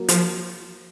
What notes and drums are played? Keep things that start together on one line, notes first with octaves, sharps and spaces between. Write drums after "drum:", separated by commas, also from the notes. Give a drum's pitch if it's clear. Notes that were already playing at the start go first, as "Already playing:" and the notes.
Already playing: F#3 A#3
F3, drum: hi-hat